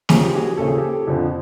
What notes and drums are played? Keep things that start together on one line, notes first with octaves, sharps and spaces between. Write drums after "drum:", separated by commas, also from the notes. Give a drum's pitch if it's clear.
D#2 C#3 F3 G#4, drum: snare
G4
F#4 G#4
D#2 C#3 F3 A4
G#4
G4 A4
F2 D3 F3